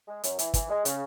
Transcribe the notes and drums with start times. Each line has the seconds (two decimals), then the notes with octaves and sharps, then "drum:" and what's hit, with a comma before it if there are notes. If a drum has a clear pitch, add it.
0.08 G#3
0.24 F#2, drum: hi-hat
0.39 E3, drum: hi-hat
0.54 E3, drum: kick, hi-hat
0.70 G#3
0.85 C#3, drum: hi-hat